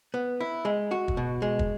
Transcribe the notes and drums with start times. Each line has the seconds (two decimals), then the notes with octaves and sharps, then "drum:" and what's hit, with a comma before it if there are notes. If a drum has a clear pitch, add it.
0.14 B3
0.41 E4
0.65 G#3
0.91 F#4
1.08 drum: kick
1.17 B2
1.42 G#3
1.59 drum: kick